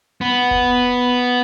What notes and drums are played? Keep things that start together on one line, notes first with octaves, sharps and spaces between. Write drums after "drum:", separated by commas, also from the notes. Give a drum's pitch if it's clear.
B3
drum: kick F1